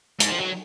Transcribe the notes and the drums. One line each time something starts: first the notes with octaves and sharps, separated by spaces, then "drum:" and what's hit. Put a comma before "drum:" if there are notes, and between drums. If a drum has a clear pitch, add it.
G#2, drum: hi-hat
F3
F#3